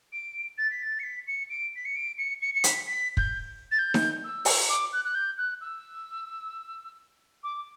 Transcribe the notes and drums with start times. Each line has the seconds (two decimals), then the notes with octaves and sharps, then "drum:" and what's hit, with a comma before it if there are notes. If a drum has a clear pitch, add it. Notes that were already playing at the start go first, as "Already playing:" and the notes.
0.12 D7
0.58 A6
0.70 B6
0.83 A6
0.99 C#7
1.03 B6
1.27 C#7
1.49 D7
1.75 B6
1.85 C#7
1.96 D7
2.18 C#7
2.41 C#7
2.54 C#7
2.64 B6, drum: hi-hat
2.87 B6
3.17 G6, drum: kick
3.71 A6
3.78 G6
3.94 drum: snare D#4
4.24 E6
4.45 drum: open hi-hat
4.69 D6
4.92 F#6
5.04 F#6
5.14 G6
5.37 F#6
5.61 E6
7.43 D6